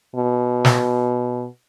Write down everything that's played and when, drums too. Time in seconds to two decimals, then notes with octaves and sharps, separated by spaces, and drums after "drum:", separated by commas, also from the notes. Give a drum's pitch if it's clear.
0.15 B2
0.65 drum: snare